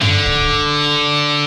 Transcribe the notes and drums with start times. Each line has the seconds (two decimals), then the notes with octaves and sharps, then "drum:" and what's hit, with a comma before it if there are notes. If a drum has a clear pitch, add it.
0.01 D3, drum: tom F#2
0.26 drum: kick C#1